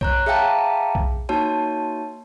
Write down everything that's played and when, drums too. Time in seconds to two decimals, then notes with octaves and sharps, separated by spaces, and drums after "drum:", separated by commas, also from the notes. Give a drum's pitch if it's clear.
0.01 C#5 A#5 F#6, drum: kick B1
0.26 G#4 E5 F5 G5 A5 A#5
0.95 drum: kick B1
1.29 A#3 D#4 F#4 C#5 A5